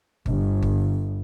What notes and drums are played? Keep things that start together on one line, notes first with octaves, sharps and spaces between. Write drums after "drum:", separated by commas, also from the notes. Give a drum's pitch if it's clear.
G1, drum: kick G1
drum: kick G1